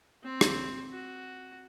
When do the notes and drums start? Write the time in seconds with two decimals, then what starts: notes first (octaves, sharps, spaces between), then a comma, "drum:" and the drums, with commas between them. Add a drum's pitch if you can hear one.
0.24 C4
0.41 drum: rim click
0.90 F#4